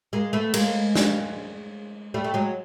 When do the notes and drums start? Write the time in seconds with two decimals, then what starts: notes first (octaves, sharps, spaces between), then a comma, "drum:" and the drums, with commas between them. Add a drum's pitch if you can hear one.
0.13 G#3 A#3
0.33 A3 B3
0.54 G#3 A#3, drum: cymbal
0.95 drum: snare
2.14 G3 A3
2.24 A3
2.34 F#3 G#3